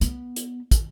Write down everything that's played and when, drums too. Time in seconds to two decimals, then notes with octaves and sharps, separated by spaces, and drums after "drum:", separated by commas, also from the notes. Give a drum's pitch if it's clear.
0.01 B3, drum: hi-hat
0.36 drum: hi-hat
0.71 drum: kick, hi-hat